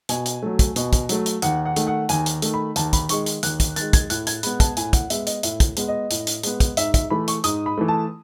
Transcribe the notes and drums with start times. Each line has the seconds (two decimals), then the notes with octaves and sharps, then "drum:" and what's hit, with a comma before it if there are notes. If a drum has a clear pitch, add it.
0.09 B2 G#5, drum: hi-hat
0.26 drum: hi-hat
0.42 F#3 A3
0.59 drum: kick, hi-hat
0.76 B2, drum: hi-hat
0.93 drum: kick, hi-hat
1.09 F#3 A3, drum: hi-hat
1.26 drum: hi-hat
1.42 D#2 F#5, drum: hi-hat
1.65 F#5
1.76 D#3 A3, drum: hi-hat
1.87 F#5
2.09 D#2 G#5, drum: hi-hat
2.26 drum: hi-hat
2.42 D#3 A3, drum: hi-hat
2.54 B5
2.76 D#2 A5, drum: hi-hat
2.93 B5, drum: kick, hi-hat
3.09 D#3 G#3 C#6, drum: hi-hat
3.26 drum: hi-hat
3.43 D#2 F#6, drum: hi-hat
3.60 drum: kick, hi-hat
3.76 D#3 G#3 A6, drum: hi-hat
3.93 G#6, drum: kick, hi-hat
4.10 A2 F#6, drum: hi-hat
4.27 G#6, drum: hi-hat
4.43 G#3 B3 B5, drum: hi-hat
4.60 A5, drum: kick, hi-hat
4.77 A2 G#5, drum: hi-hat
4.93 F#5, drum: kick, hi-hat
5.10 G#3 B3 E5, drum: hi-hat
5.27 D#5, drum: hi-hat
5.43 A2 E5, drum: hi-hat
5.60 drum: kick, hi-hat
5.77 G#3 B3, drum: hi-hat
5.88 D#5
6.11 A2, drum: hi-hat
6.27 drum: hi-hat
6.43 G#3 B3, drum: hi-hat
6.60 drum: kick, hi-hat
6.77 G#2 E5, drum: hi-hat
6.94 E5, drum: kick, hi-hat
7.10 E3 A3 B5
7.28 C#6, drum: hi-hat
7.44 G#2 D#6, drum: hi-hat
7.66 B5
7.78 E3 A3
7.88 A5